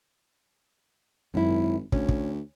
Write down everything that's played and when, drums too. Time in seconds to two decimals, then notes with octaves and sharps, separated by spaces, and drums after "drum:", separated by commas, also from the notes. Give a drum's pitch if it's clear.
1.34 G#1 F#2 E4
1.92 D2 C#4, drum: kick
2.09 drum: kick